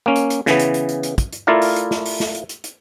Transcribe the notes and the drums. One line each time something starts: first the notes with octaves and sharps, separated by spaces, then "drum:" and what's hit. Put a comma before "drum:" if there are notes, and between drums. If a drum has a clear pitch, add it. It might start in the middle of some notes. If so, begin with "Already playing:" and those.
A#3 C#4
drum: hi-hat
drum: hi-hat
C#3 E3 B3, drum: snare
drum: hi-hat
drum: hi-hat
drum: hi-hat
drum: hi-hat
drum: kick, hi-hat
drum: hi-hat
A3 E4 F4 A#4 D5 F5
drum: open hi-hat
drum: hi-hat
drum: snare
drum: open hi-hat
drum: snare
drum: hi-hat
drum: hi-hat
drum: hi-hat